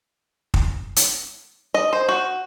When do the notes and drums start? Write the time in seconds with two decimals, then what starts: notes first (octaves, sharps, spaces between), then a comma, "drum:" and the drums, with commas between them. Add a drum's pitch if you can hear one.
0.54 drum: kick
0.96 drum: hi-hat
1.74 D#5
1.93 C5
2.09 F#4